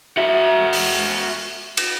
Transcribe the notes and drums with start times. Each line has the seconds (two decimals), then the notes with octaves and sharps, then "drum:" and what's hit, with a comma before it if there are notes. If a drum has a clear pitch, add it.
0.18 F#4 E5
0.73 drum: open hi-hat
1.77 drum: cymbal